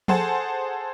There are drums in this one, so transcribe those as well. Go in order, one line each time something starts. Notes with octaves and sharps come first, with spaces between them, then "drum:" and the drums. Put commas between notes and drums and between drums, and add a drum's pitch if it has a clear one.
G#4 A4 C5 F#5 G#5 A5, drum: tom F3